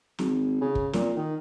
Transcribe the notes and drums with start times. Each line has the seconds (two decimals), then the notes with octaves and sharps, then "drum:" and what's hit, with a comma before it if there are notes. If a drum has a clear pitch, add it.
0.19 G#1, drum: snare
0.61 C#3
0.75 drum: kick
0.93 A#2, drum: snare
1.16 D#3